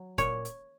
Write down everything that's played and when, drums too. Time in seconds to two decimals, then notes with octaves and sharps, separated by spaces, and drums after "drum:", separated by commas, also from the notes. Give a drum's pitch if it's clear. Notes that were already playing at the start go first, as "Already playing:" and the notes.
Already playing: F#3
0.18 A#2 C#5, drum: kick, hi-hat
0.45 drum: hi-hat